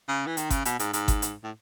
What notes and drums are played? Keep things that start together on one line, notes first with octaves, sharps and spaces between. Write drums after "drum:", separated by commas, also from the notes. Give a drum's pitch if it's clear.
C#3
E3
D#3, drum: hi-hat
C#3, drum: kick G1, hi-hat
B2, drum: hi-hat
G#2, drum: hi-hat
G#2, drum: hi-hat
drum: kick G1, hi-hat
drum: hi-hat
A2